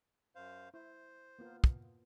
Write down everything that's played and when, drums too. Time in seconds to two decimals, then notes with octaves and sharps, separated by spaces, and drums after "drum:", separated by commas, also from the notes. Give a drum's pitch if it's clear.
0.35 F#2 C5 F5
0.74 E4 C5
1.39 A#3 B3 F4
1.64 drum: kick